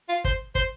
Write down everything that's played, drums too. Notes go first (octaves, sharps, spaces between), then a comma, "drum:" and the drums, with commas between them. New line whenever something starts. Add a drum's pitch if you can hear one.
F4
C5, drum: kick
C5, drum: kick